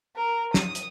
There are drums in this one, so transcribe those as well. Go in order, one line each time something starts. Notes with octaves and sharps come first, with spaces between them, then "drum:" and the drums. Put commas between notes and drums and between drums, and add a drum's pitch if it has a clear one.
A#4
D#6, drum: snare
drum: hi-hat